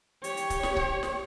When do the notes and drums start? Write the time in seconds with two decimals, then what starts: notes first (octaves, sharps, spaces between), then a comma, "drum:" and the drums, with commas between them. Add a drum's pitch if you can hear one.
0.24 G4 C#5, drum: hi-hat
0.37 drum: hi-hat
0.50 drum: kick C#1, hi-hat
0.63 drum: snare
0.76 drum: kick C#1
1.03 drum: snare